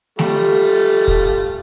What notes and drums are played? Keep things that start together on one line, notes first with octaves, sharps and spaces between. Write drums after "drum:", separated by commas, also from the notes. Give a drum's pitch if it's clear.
G3 A3 F4, drum: snare
drum: kick